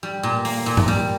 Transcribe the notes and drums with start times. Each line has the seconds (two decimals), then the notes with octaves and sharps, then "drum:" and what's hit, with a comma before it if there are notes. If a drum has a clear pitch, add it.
0.03 G3
0.23 A#2
0.45 A#3, drum: open hi-hat
0.66 A#2
0.77 drum: tom G2
0.88 G3